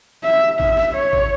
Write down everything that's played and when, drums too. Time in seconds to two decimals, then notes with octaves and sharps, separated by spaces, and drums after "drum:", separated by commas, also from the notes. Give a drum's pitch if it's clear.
0.23 E5
0.60 E5, drum: kick
0.77 drum: snare
0.95 C#5
1.13 drum: kick